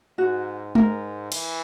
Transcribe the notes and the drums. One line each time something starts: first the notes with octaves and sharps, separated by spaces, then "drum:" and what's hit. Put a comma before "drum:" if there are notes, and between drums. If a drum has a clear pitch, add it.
G#2 F#4
G#2 A#4, drum: tom G#3
E3, drum: cymbal